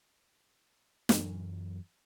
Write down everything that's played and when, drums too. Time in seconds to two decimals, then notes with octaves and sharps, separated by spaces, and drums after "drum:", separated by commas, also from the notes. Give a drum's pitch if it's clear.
1.09 F#2 E3 F#3, drum: snare